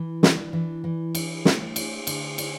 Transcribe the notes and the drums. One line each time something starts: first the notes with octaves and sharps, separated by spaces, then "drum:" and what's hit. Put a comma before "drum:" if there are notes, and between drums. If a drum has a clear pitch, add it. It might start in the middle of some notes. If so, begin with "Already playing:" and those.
Already playing: E3
D4, drum: snare
E3
E3
E4, drum: cymbal
A3, drum: snare
E4, drum: cymbal
D3, drum: cymbal
E4, drum: cymbal